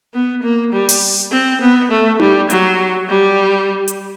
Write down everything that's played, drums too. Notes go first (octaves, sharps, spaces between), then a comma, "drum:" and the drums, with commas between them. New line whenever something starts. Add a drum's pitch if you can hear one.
B3
A#3
G3
drum: open hi-hat
C4
B3
A3
G3, drum: tom D#4
F#3, drum: hi-hat
G3
drum: hi-hat